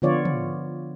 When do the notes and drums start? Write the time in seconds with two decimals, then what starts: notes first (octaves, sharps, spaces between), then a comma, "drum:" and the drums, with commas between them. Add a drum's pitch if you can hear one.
0.02 D3 F3 B3 F4 C#5 D5
0.25 drum: tom